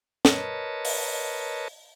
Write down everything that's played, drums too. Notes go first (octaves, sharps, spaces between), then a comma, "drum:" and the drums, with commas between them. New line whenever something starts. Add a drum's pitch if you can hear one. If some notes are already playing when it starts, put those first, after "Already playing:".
A#4 B4 C#5 D#5 A5, drum: snare
drum: open hi-hat